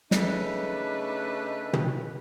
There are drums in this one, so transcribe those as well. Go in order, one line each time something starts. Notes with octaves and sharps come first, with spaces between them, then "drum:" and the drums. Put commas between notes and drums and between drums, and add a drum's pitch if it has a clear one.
C#3 A3 D4 D#4 B4, drum: snare
drum: tom